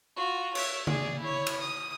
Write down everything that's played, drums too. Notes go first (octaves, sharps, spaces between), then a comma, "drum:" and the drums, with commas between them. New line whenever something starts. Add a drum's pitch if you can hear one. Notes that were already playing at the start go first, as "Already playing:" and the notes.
F4 F#4
C#5 E5, drum: cymbal
G#4 D5, drum: tom C#3
E4 C#5
drum: cymbal
D#6